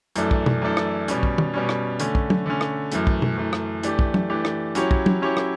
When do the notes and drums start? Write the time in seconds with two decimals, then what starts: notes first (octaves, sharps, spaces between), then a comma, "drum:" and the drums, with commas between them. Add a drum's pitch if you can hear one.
0.16 F#2 E3 A3 D4 A4, drum: hi-hat
0.31 drum: kick
0.46 drum: tom B2
0.62 F#2 E3 A3 D4 A4
0.77 drum: rim click
1.08 B2 G3 C#4, drum: hi-hat
1.23 drum: kick
1.38 drum: tom
1.54 B2 G3 C#4
1.69 drum: rim click
2.00 D3 A3 C#4, drum: hi-hat
2.15 drum: kick
2.30 drum: tom F#3
2.46 D3 A3 C#4
2.61 drum: rim click
2.92 F#2 E3 A3, drum: hi-hat
3.07 drum: kick
3.22 drum: tom B2
3.37 F#2 E3 A3
3.53 drum: rim click
3.83 E3 A3 D4 G4, drum: hi-hat
3.99 drum: kick
4.14 drum: tom F#3
4.29 E3 A3 D4 G4
4.45 drum: rim click
4.75 F#3 C#4 E4 G4 C#5, drum: hi-hat
4.91 drum: kick
5.06 drum: tom F#3
5.22 F#3 C#4 E4 G4 C#5
5.37 drum: rim click